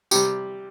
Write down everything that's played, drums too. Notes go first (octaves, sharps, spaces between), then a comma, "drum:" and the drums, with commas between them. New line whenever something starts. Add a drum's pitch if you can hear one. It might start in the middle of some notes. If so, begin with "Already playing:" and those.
C3 G3 G4, drum: tambourine